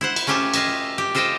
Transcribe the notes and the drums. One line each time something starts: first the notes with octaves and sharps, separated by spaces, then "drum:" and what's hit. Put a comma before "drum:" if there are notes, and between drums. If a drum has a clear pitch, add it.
E4 C5 F#5
drum: cymbal
A3 C#4 F4 G4 G#5 A5
F4 D#5 E5, drum: cymbal
G4
F4 A4 C5 D#5 F5 G5